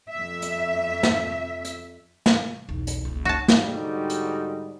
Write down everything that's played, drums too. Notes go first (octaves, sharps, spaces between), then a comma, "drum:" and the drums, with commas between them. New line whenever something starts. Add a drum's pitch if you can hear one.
F2 E5
drum: hi-hat
drum: snare
drum: hi-hat
drum: snare
B1 E2
drum: hi-hat
F#1 C#2
F#4 A5
drum: snare
G#2 D3 G3 D#4 F#4 G4
drum: hi-hat